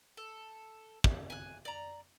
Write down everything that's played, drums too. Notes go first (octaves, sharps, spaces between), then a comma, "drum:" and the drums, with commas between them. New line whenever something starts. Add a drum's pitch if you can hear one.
A4
drum: kick
G#5 F#6
D5 A#5